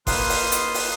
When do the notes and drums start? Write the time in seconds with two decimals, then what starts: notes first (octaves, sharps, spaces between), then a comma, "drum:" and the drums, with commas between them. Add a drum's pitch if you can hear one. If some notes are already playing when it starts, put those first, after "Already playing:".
0.07 A#3 D#4 F4 B4 C6 D#6, drum: kick G1, open hi-hat
0.29 drum: open hi-hat
0.52 drum: hi-hat
0.74 drum: open hi-hat